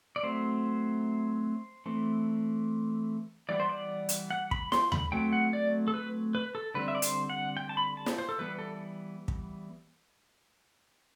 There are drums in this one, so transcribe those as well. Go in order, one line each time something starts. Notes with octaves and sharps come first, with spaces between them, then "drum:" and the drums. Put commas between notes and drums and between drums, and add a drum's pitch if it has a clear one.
D5
F#3 A3 C4 C5
E3 A3 C4
E3 G3 B3 D5
C5
D5
drum: hi-hat
F#5
B5, drum: kick
C6, drum: snare
B5, drum: tom D#2
F#3 A3 C4 G5
F#5
D5
A4
B4
B4
A4
D3 G3 C4 B4
E5
D5
C5, drum: hi-hat
F#5
G5
A5
B5
A5
drum: snare
C5
A4
E3 G3 B3 B4
A4
drum: kick